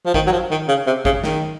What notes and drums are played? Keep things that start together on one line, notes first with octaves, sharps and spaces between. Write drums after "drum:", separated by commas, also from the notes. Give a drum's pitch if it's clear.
F3
D#3, drum: kick
F#3
F3
D#3
C#3
C3
C#3, drum: kick
D#3, drum: snare